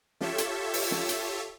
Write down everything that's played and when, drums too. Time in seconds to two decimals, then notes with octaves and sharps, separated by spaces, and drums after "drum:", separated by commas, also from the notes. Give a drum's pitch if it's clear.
0.21 F4 G4 A4 C#5 E5, drum: snare
0.38 drum: hi-hat
0.73 drum: open hi-hat
0.91 drum: snare
1.09 drum: hi-hat